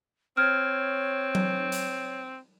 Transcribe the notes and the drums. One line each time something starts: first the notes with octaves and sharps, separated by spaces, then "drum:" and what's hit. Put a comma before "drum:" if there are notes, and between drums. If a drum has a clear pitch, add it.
C4 C#5 F6 G#6
drum: tom F#3
drum: hi-hat